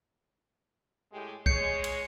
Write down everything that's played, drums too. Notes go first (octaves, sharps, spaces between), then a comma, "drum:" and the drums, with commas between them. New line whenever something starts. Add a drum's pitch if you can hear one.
A2 G#3 G4
G#3 C#5 G6 C7 C#7, drum: kick B1
drum: cymbal